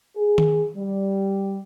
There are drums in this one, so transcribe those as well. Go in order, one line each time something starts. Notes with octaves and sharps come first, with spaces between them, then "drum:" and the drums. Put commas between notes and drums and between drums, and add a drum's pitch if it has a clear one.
G#4
drum: tom D#3
G3